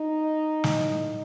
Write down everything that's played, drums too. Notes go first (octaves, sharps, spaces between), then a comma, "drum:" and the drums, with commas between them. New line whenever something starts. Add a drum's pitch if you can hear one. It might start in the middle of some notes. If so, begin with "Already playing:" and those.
Already playing: D#4
A2 F#3, drum: snare